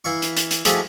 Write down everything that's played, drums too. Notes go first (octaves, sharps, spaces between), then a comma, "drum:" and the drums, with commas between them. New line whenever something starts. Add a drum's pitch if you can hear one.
E3 E4 F5 C#6
drum: hi-hat
drum: hi-hat
drum: hi-hat
F3 G#3 A3 E4 F#4 G4, drum: hi-hat